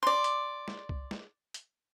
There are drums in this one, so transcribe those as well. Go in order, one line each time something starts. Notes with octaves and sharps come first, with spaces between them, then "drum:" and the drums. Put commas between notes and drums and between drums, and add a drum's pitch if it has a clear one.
D5 C6
drum: hi-hat
drum: snare
drum: kick
drum: snare
drum: hi-hat